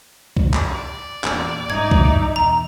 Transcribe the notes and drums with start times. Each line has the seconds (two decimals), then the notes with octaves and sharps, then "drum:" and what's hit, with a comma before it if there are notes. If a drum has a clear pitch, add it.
0.37 drum: kick
0.54 drum: clap
0.71 D5
1.24 E2 A#2, drum: clap
1.70 G#2 G3 D#4 E5 G#6
1.91 drum: kick
2.36 E2 B2 A#5